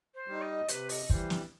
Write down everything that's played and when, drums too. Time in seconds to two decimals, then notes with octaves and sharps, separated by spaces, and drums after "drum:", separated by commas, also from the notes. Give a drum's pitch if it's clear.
0.14 C5
0.28 G3 D#4
0.41 D#5
0.69 C3 B4, drum: hi-hat
0.89 D#5, drum: open hi-hat
1.10 E3 G3 C5, drum: kick
1.30 drum: snare